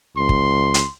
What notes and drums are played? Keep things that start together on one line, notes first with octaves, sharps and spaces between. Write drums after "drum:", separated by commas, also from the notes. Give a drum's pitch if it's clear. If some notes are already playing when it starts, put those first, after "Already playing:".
C#2 C6
drum: kick
drum: hi-hat